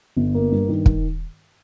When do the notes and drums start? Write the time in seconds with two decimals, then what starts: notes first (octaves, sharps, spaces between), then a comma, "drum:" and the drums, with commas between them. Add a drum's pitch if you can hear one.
0.16 G1
0.34 A#3
0.52 G2
0.69 D#3
0.86 drum: kick